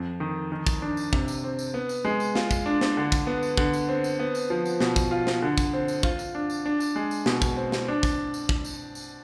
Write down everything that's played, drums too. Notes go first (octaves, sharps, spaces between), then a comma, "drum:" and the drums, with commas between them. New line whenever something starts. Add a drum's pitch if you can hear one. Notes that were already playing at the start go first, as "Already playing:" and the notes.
Already playing: F2
D#3
D#3
drum: kick, tambourine
D4
drum: tambourine
C3, drum: kick
drum: tambourine
C4
drum: tambourine
B3
drum: tambourine
G#3
drum: tambourine
F4, drum: snare
drum: kick, tambourine
D4
drum: snare
D3
drum: kick, tambourine
B3
drum: tambourine
D3, drum: kick
drum: tambourine
C4
drum: tambourine
B3
drum: tambourine
F3
drum: tambourine
B2, drum: snare
drum: kick, tambourine
F4
drum: snare
D3
drum: kick, tambourine
C4
drum: tambourine
F4, drum: kick
drum: tambourine
D4
drum: tambourine
D4
drum: tambourine
G#3
drum: tambourine
B2, drum: snare
drum: kick, tambourine
C4
drum: snare
D4
drum: kick, tambourine
drum: tambourine
drum: kick
drum: tambourine
drum: tambourine